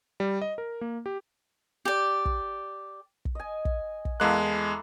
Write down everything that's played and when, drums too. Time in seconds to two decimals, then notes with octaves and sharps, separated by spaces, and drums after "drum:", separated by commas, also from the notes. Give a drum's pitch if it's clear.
0.20 G3
0.42 D#5
0.58 A#4
0.81 A#3
1.06 G4
1.85 G4 D5
2.25 drum: kick
3.25 drum: kick
3.35 D#5 G#5
3.65 drum: kick
4.05 drum: kick
4.20 E2 G#3 A#3 E4 A4 F#6